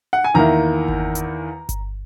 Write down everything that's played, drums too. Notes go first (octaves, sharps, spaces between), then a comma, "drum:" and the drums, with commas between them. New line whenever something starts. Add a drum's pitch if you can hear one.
F#5
G#5
E2 D#3 A#3 E4 A#5
drum: kick G1
drum: hi-hat
drum: kick G1, hi-hat